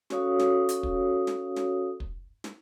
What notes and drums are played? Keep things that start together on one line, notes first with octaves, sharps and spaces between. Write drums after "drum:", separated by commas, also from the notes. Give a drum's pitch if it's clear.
C#4 F#4 A4 C#5 F5 D#6, drum: snare
drum: snare
drum: hi-hat
drum: kick
drum: snare
drum: snare
drum: kick
drum: snare